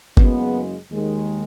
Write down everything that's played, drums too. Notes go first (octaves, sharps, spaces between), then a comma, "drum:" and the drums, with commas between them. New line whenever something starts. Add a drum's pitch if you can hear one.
F#1 F#2 C#3 G#3 B3, drum: kick G1
D#2 D#3 G#3